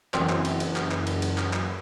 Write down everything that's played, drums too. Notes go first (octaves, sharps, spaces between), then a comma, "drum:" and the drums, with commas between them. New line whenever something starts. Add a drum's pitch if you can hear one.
F#1 F#2 E3 C4, drum: clap
drum: clap
drum: cymbal
drum: cymbal
drum: clap
drum: clap
drum: cymbal
drum: cymbal
drum: clap
drum: clap